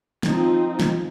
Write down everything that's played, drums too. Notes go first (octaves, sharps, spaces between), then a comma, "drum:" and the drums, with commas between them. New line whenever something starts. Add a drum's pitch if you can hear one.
F3 C4 D#4, drum: snare
drum: snare